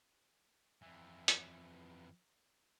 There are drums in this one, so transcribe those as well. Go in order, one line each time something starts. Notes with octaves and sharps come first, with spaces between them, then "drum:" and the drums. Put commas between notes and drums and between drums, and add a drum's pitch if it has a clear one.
F2 E3
drum: hi-hat